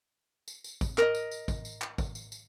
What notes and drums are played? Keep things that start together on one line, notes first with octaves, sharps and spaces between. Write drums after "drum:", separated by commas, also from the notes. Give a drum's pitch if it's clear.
drum: tambourine
drum: tambourine
drum: kick, tambourine
A#4 D#5, drum: clap
drum: tambourine
drum: tambourine
drum: kick, tambourine
drum: tambourine
drum: clap
drum: kick, tambourine
drum: tambourine
drum: tambourine